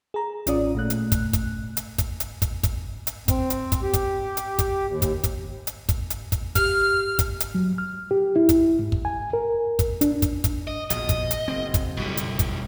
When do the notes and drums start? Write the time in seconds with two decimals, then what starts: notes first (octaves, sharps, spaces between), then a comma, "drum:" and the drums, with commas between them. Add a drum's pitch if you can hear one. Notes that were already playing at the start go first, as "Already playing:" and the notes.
0.14 G#4 A#5
0.47 A1 C#4 F4 D5 D#6, drum: hi-hat
0.75 A#2 A3 F#6
0.90 drum: hi-hat
1.12 drum: kick, hi-hat
1.33 drum: kick, hi-hat
1.77 drum: hi-hat
1.98 drum: kick, hi-hat
2.20 drum: hi-hat
2.42 drum: kick, hi-hat
2.63 drum: kick, hi-hat
3.07 drum: hi-hat
3.28 C4, drum: kick, hi-hat
3.50 drum: hi-hat
3.72 drum: kick, hi-hat
3.82 G4
3.93 drum: kick, hi-hat
4.37 drum: hi-hat
4.59 drum: kick, hi-hat
4.87 D#2
5.02 drum: kick, hi-hat
5.24 drum: kick, hi-hat
5.67 drum: hi-hat
5.89 drum: kick, hi-hat
6.10 drum: hi-hat
6.32 drum: kick, hi-hat
6.55 G4 F6, drum: kick, hi-hat
7.19 drum: kick, hi-hat
7.40 drum: hi-hat
7.55 F#3
7.78 F6
8.11 G4
8.36 E4
8.49 drum: kick, hi-hat
8.79 G#2
8.92 drum: kick
9.05 G#5
9.33 A#4
9.79 drum: kick, hi-hat
10.01 D4, drum: hi-hat
10.22 drum: kick, hi-hat
10.44 drum: kick, hi-hat
10.67 D#5
10.90 A#1 B2 D#5, drum: hi-hat
11.09 drum: kick, hi-hat
11.31 drum: hi-hat
11.48 F#1 C4
11.74 drum: kick, hi-hat
11.97 F#1 B2 D3 G3
12.17 drum: hi-hat
12.39 drum: kick, hi-hat